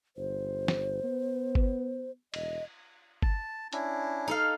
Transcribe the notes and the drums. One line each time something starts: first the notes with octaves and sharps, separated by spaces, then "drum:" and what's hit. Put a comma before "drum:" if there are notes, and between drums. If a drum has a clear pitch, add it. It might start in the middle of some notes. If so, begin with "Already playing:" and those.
G1 C5
drum: snare
B3
drum: kick G1
E1 D#5, drum: cymbal
A5, drum: kick G1
C#4 D4 E4, drum: hi-hat
D#4 A4 F5